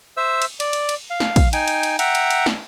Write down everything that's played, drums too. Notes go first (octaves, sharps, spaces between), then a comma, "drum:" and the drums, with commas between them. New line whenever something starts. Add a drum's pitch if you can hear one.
C5 E5 E6
drum: cymbal
D5, drum: cymbal
drum: cymbal
drum: cymbal
F5
drum: snare
drum: kick, cymbal
D#4 G5 G#5, drum: cymbal
drum: cymbal
drum: cymbal
E5 F#5 G5 A#5, drum: cymbal
drum: cymbal
drum: cymbal
drum: snare